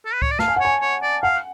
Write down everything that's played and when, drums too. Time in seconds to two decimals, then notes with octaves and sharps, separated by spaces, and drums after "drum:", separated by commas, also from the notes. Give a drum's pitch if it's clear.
0.05 A4
0.14 B4
0.22 C#5, drum: kick C#2
0.31 D5
0.39 F5 A5, drum: snare
0.48 G#5
0.56 F#5
0.61 C#5 G#5
0.81 C#5
1.03 D5
1.23 F5 F#5